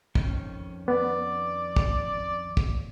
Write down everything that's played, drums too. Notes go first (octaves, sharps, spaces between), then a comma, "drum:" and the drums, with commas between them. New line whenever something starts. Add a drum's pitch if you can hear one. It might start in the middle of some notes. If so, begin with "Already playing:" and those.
F2 D#3 C#4, drum: kick
B3 D5
drum: kick
drum: kick